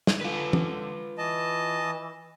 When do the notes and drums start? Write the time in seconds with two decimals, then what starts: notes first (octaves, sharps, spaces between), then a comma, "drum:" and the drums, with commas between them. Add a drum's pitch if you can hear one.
0.07 drum: snare
0.21 D3 F4 B4
0.53 drum: tom
1.18 E3 D#5 A5